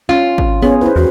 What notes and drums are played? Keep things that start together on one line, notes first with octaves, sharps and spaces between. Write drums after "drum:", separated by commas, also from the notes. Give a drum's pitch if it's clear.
C#4 F4, drum: snare
drum: kick
B3 C#4 G#4 C#5
E4 B4 C5
E2 F#4